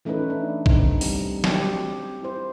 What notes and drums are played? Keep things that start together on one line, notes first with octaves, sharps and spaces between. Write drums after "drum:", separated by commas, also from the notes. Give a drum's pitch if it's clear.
E3 A3 C#4 D#4 E4 B4
D4
C4 D#4, drum: kick
G3, drum: open hi-hat
C4 G4, drum: snare
E4 C5